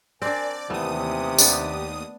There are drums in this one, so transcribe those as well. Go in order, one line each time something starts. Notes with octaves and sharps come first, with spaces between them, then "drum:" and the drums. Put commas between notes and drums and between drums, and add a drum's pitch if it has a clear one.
C4 D4 A#4 D5 G#5
D#2 C3 E3 A3 B3 D#6
B3 D4 G4, drum: tambourine